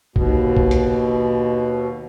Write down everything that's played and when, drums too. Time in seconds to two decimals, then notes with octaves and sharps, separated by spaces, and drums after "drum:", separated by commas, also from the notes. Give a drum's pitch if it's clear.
0.16 D#2 B2, drum: kick A#1
0.57 drum: kick A#1
0.71 drum: hi-hat